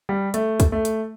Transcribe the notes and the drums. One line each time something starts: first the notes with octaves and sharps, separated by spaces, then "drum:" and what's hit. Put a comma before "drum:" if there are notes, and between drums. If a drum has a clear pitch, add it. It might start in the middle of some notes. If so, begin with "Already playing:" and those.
G3
A3, drum: hi-hat
drum: kick, hi-hat
A3
drum: hi-hat